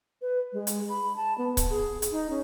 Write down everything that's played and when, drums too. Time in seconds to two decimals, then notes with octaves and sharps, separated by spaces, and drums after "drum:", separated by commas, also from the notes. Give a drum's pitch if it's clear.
0.22 B4
0.53 G#3
0.67 drum: hi-hat
0.89 B5
1.16 A5
1.38 B3
1.57 drum: kick C#1, hi-hat
1.70 G#4
2.02 drum: hi-hat
2.12 D#4
2.30 C#4